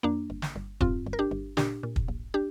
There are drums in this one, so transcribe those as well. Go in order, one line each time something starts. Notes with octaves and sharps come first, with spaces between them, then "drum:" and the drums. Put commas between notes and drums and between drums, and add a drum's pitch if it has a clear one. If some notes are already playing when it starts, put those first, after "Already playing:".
F2 A#3 D4
G1
drum: snare
G1
G2 C4 F4, drum: kick
G1
A#4
D4 G4
G1
A#2 D4 G4, drum: snare
A#2
drum: kick
A#1
D4 G4